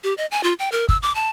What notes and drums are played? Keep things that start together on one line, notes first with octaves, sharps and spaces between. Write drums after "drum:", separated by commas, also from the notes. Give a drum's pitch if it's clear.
G4
D#5
G#5
F4
G5
A#4
E6, drum: kick
D6
A5